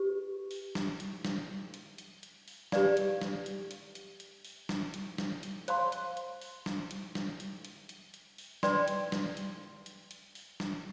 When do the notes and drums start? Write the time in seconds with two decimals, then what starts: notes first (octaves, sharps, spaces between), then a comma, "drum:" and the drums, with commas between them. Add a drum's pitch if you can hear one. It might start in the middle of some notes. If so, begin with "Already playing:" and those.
Already playing: G4 B4
0.51 drum: open hi-hat
0.75 drum: snare
1.00 drum: hi-hat
1.25 drum: snare
1.74 drum: hi-hat
1.98 drum: hi-hat
2.23 drum: hi-hat
2.48 drum: open hi-hat
2.72 G4 B4 D5 F5, drum: snare
2.97 drum: hi-hat
3.21 drum: snare
3.46 drum: hi-hat
3.71 drum: hi-hat
3.95 drum: hi-hat
4.20 drum: hi-hat
4.45 drum: open hi-hat
4.69 drum: snare
4.94 drum: hi-hat
5.18 drum: snare
5.43 drum: hi-hat
5.68 C5 F5 C6, drum: hi-hat
5.92 drum: hi-hat
6.17 drum: hi-hat
6.41 drum: open hi-hat
6.66 drum: snare
6.91 drum: hi-hat
7.15 drum: snare
7.40 drum: hi-hat
7.65 drum: hi-hat
7.89 drum: hi-hat
8.14 drum: hi-hat
8.38 drum: open hi-hat
8.63 B4 D5 G5 C6, drum: snare
8.88 drum: hi-hat
9.12 drum: snare
9.37 drum: hi-hat
9.86 drum: hi-hat
10.11 drum: hi-hat
10.35 drum: open hi-hat
10.60 drum: snare